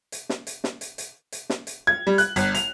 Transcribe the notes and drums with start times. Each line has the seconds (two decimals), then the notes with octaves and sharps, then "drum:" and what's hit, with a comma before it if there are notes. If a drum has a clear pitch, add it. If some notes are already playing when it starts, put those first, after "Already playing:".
0.12 drum: hi-hat
0.29 drum: snare
0.47 drum: hi-hat
0.64 drum: snare
0.81 drum: hi-hat
0.98 drum: hi-hat
1.32 drum: hi-hat
1.50 drum: snare
1.67 drum: hi-hat
1.87 G#6
2.07 G3
2.18 F#6, drum: hi-hat
2.36 G1, drum: hi-hat
2.55 F7, drum: hi-hat